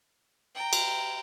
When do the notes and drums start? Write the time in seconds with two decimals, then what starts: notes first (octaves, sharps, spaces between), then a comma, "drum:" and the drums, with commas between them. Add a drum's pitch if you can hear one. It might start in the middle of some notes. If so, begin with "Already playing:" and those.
0.55 G5 A#5
0.73 drum: cymbal